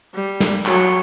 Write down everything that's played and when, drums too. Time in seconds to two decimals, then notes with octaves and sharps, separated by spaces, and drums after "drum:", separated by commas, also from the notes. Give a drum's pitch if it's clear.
0.14 G3
0.40 drum: snare
0.66 F#3, drum: clap